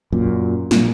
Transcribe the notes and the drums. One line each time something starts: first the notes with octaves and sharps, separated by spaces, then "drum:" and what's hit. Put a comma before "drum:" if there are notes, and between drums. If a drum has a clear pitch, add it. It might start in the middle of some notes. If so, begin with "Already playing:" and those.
F#2 A#2
A#2, drum: snare